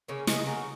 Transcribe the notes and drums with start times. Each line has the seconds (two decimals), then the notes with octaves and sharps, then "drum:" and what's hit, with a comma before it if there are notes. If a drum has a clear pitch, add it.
0.08 C#3 A#3 C#4
0.27 C#3 B3 D#4, drum: snare
0.46 C#3 F#4 A#4